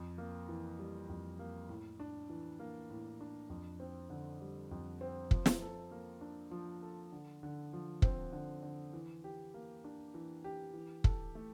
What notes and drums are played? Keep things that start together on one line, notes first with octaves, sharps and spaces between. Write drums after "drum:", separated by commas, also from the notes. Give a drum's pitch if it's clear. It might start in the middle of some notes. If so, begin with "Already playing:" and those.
Already playing: F2
A#3
E3
G3
F2
A#3
A2
D4
E3
A#3
A2
D4
F2
C4
D3
G3
F2
C4
F3, drum: kick
drum: snare
A4
A#3
D4
F3
A4
D3
D3
F3
C4, drum: kick
D3
D3
E3
G4
A#3
D4
E3
G4
E3
A4, drum: kick
A3